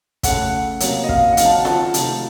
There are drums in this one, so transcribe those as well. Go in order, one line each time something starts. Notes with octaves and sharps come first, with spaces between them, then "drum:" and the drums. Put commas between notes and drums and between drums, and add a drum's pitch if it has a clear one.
C#3 A3 C#4 F#5, drum: kick, hi-hat
C3 F#3 A#3 C#4, drum: hi-hat
D#5
F5, drum: kick
F#5
C#3 F#3 C4 D#4 F5, drum: hi-hat
A5
F#5
A5, drum: snare F4
C3 F3 A3 D#4, drum: hi-hat